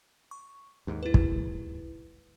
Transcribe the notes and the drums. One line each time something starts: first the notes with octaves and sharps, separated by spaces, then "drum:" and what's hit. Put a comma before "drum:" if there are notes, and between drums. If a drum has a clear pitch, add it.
C#6
D#2 G#2
E4 B4
drum: kick